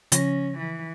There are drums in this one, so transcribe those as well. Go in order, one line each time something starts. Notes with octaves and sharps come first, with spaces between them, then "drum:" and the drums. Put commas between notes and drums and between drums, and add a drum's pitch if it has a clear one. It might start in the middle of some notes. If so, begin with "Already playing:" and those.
C#3 F3 C#4 A#6, drum: hi-hat
E3